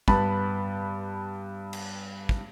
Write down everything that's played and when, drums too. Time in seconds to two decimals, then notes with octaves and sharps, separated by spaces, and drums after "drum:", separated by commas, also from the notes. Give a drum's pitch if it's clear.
0.08 G2 B3 A5 B5, drum: kick
1.73 drum: cymbal
2.29 drum: kick